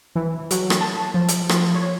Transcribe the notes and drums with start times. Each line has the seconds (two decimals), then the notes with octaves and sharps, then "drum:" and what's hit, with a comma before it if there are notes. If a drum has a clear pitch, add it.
0.15 E3
0.51 F#3, drum: hi-hat
0.70 drum: rim click
0.81 A5
1.14 F3
1.29 drum: hi-hat
1.49 F3, drum: rim click
1.75 C#5